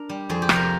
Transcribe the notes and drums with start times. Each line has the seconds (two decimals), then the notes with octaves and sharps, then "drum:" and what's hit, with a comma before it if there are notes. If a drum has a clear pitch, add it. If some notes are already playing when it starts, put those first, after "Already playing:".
Already playing: D4 A#4
0.09 G3
0.30 F2 G#4
0.42 G4
0.49 C3 F3, drum: rim click
0.56 A#4